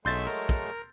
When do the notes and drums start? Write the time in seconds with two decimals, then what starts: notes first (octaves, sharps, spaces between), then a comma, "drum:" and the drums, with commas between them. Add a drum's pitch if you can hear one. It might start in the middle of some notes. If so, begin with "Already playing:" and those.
0.05 B1 F#3 G#3 A3 E5 C6 G6 A6
0.27 A#4
0.49 drum: kick